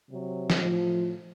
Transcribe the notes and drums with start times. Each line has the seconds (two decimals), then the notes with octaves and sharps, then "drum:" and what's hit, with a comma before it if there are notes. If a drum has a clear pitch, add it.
0.09 C3 F#3
0.50 drum: snare
0.61 A2 F3